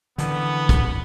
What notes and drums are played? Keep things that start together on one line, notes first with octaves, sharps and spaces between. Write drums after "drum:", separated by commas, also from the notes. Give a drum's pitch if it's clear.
D3 E3 B3, drum: hi-hat
drum: kick, hi-hat